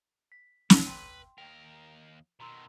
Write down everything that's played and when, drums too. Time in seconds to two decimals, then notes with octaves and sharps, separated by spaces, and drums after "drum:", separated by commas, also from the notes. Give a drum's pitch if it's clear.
0.32 B6
0.70 B3, drum: snare
0.87 B4 G5 C6
1.38 D#2 A#4 G5
2.40 B2 D#3 A#5 C6 E6